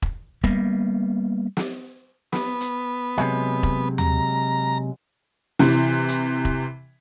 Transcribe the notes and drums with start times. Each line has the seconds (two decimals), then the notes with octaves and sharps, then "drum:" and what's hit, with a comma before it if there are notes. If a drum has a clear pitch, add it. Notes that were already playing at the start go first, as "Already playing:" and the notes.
0.02 drum: kick E1
0.44 G3 A#3 B3, drum: kick E1
1.57 drum: snare
2.33 B3, drum: snare
2.61 drum: hi-hat
3.18 C3 F#3 G#3
3.63 drum: kick E1
3.98 A#5, drum: tom D#2
5.59 C3 E3, drum: snare
6.08 drum: hi-hat
6.45 drum: kick E1